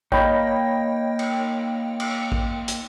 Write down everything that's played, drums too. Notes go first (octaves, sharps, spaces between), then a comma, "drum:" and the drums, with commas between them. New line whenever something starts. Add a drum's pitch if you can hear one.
A#3 D#4 C#5 D#5 G5 B5, drum: kick
drum: cymbal
drum: cymbal
drum: kick
drum: hi-hat